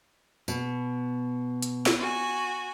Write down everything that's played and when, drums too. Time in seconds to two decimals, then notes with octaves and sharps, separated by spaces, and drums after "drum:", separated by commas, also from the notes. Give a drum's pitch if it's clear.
0.48 B2, drum: tambourine
1.62 drum: hi-hat
1.86 drum: snare
1.98 F#4 G#5